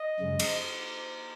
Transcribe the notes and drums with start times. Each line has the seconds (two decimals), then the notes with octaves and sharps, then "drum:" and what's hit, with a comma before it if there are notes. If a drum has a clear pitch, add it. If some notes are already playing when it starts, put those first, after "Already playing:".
Already playing: D#5
0.20 F#2 C#3 G#3
0.39 drum: cymbal